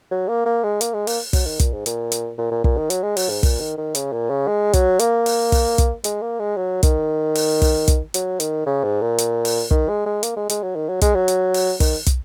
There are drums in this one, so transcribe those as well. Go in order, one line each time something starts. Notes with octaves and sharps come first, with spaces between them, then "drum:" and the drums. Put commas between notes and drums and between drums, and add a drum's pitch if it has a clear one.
F#3
A#3
A#3
G#3
A#3, drum: hi-hat
G#3
A#3, drum: open hi-hat
F#3, drum: kick, open hi-hat
D#3
A#2, drum: kick, hi-hat
G#2
A#2, drum: hi-hat
drum: hi-hat
A#2
A#2
A#2, drum: kick
D#3
F#3, drum: hi-hat
G#3
F#3, drum: open hi-hat
G#2
A#2, drum: kick, open hi-hat
D#3
D#3
C#3, drum: hi-hat
A#2
C#3
G#3
F#3, drum: kick, hi-hat
A#3, drum: hi-hat
drum: open hi-hat
drum: kick, open hi-hat
drum: kick, hi-hat
G#3, drum: hi-hat
A#3
G#3
F#3
D#3, drum: kick, hi-hat
drum: open hi-hat
drum: kick, open hi-hat
drum: kick, hi-hat
F#3, drum: hi-hat
D#3, drum: hi-hat
C#3
G#2
A#2
drum: hi-hat
drum: open hi-hat
D#3, drum: kick
G#3
G#3
A#3, drum: hi-hat
G#3
G#3, drum: hi-hat
F#3
D#3
F#3
G#3, drum: kick, hi-hat
F#3
drum: hi-hat
drum: open hi-hat
D#3, drum: kick, open hi-hat
drum: kick, hi-hat